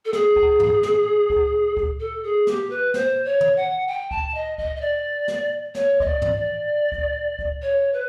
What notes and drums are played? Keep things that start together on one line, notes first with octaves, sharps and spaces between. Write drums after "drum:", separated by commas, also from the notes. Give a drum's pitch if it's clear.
A4
G#4, drum: snare
drum: kick C#2
drum: tom
drum: snare
drum: kick C#2
drum: kick C#2
A4
G#4
G4, drum: snare
B4
C5, drum: snare
C#5
drum: tom
F#5
G5
A5, drum: kick C#2
D#5
D#5, drum: kick C#2
D#5
D5
drum: snare
C#5, drum: snare
D#5, drum: kick C#2
D5
drum: tom
D5
drum: kick C#2
drum: kick C#2
C#5
B4